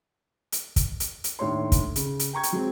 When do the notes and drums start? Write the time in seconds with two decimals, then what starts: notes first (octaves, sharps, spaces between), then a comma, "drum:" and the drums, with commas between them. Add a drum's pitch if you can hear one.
0.52 drum: hi-hat
0.76 drum: kick, hi-hat
1.00 drum: hi-hat
1.24 drum: hi-hat
1.39 D#2 A2 D4 C#5 C6
1.72 drum: kick, hi-hat
1.96 C#3, drum: hi-hat
2.19 drum: hi-hat
2.33 G5 A#5 C#6 G#6
2.43 drum: hi-hat
2.53 F#3 G#3 C4